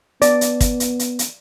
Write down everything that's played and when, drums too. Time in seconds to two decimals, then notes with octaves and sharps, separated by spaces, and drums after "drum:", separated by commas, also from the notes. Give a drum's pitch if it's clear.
0.22 B3 D5, drum: hi-hat
0.41 drum: hi-hat
0.61 drum: kick, hi-hat
0.80 drum: hi-hat
0.99 drum: hi-hat
1.19 drum: hi-hat